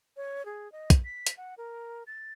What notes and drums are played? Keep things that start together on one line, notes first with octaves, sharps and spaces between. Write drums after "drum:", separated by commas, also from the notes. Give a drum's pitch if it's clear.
C#5
G#4
D#5
drum: kick, hi-hat
B6
drum: hi-hat
F#5
A#4
A6